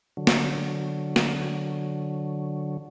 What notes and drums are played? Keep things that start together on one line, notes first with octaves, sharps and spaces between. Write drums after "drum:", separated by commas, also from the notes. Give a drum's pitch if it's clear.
D3 F#3
drum: snare
drum: snare